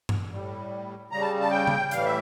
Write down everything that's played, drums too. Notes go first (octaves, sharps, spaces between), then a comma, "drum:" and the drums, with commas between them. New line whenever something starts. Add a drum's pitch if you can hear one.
drum: tom G2
A2 G3
C#3 G3 A#5
A5
A5
G5
drum: tom C#3
A2 E3 G3 F5, drum: hi-hat
E5